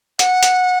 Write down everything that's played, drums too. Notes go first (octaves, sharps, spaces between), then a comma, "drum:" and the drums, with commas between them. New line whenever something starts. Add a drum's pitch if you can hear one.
F#5, drum: hi-hat
drum: hi-hat